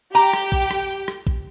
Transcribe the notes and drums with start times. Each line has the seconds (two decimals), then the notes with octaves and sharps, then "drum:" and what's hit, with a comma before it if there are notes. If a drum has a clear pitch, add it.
0.15 G4 G5 A#5
0.33 drum: rim click
0.52 drum: kick A#1
0.71 drum: rim click
1.08 drum: rim click
1.27 drum: kick A#1